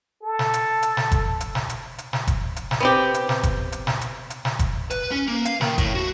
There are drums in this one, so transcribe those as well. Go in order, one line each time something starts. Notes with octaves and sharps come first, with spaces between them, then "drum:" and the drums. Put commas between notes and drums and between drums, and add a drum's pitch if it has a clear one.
A4
drum: snare
drum: hi-hat
drum: hi-hat
drum: snare
drum: kick F#1, hi-hat
drum: hi-hat
drum: snare
drum: hi-hat
drum: hi-hat
drum: snare
drum: kick F#1, hi-hat
drum: hi-hat
drum: snare
B3 C4 G4
drum: hi-hat
drum: snare
drum: kick F#1, hi-hat
drum: hi-hat
drum: snare
drum: hi-hat
drum: hi-hat
drum: snare
drum: kick F#1, hi-hat
B4, drum: hi-hat
C#4
A#3
F5, drum: hi-hat
D#3, drum: snare
A2, drum: kick F#1, hi-hat
F#4